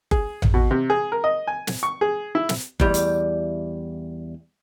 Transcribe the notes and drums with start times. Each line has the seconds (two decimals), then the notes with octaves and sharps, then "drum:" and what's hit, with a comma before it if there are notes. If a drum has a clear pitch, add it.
0.11 G#4, drum: kick F#1
0.42 drum: tom A1
0.54 B2
0.71 C3
0.90 G#4
1.12 A#4
1.24 D#5
1.47 G#5
1.67 drum: snare
1.83 C#6
2.01 G#4
2.35 E4
2.49 drum: snare
2.80 E2 G3, drum: kick F#1
2.94 drum: hi-hat